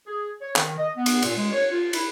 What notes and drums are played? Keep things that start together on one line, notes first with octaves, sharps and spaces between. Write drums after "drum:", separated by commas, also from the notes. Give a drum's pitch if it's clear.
G#4
C#5
D#3, drum: clap
D#5
B3
drum: cymbal
A#2, drum: cymbal
G#3
C#5
F4
E4, drum: cymbal